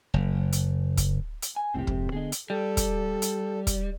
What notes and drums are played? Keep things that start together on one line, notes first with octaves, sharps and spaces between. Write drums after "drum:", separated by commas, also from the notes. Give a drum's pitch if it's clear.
F#1
drum: hi-hat
drum: kick, hi-hat
drum: hi-hat
G#5
F#1 C2 A2 C4 G4
F2 G#2 C3, drum: kick
D3 B3 D4 G#4 D#5
drum: hi-hat
G3 A4
drum: kick, hi-hat
drum: hi-hat
drum: kick, hi-hat